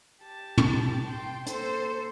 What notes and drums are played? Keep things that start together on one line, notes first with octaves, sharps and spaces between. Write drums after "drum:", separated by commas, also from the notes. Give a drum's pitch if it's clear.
G4 A5
drum: tom
G5 C6
A#3 A4 C5, drum: hi-hat